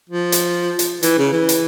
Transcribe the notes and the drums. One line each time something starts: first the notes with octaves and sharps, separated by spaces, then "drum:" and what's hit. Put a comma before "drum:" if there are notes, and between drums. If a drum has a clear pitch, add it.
F3
drum: hi-hat
drum: hi-hat
E3, drum: hi-hat
C#3
E3
drum: hi-hat